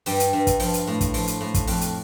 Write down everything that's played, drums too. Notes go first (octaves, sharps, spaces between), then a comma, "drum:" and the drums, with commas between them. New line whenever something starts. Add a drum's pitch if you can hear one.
G2 G3, drum: open hi-hat
drum: hi-hat
G2
drum: kick, hi-hat
F3, drum: open hi-hat
drum: hi-hat
A2
drum: kick, hi-hat
F3, drum: open hi-hat
drum: hi-hat
A2
drum: kick, hi-hat
F2, drum: open hi-hat
drum: hi-hat